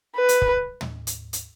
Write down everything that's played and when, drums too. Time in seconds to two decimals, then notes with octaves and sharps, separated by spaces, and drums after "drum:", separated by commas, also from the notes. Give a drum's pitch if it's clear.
0.16 B4
0.29 drum: hi-hat
0.42 drum: kick
0.81 drum: tom
1.07 drum: hi-hat
1.33 drum: hi-hat